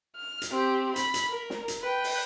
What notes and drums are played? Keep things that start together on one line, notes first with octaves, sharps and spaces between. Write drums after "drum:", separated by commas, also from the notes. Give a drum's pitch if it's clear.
F6
drum: hi-hat
C4 G4
B5, drum: hi-hat
drum: hi-hat
A#4
drum: snare
drum: hi-hat
B4 G5
drum: open hi-hat